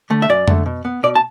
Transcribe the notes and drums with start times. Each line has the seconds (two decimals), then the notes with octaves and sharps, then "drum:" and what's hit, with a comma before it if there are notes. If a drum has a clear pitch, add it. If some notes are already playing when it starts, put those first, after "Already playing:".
0.10 D3 A3
0.22 E5
0.29 F#2 D5
0.48 D3 A3, drum: tom F2
0.66 B2
0.85 B3
1.03 B2 D5
1.15 A5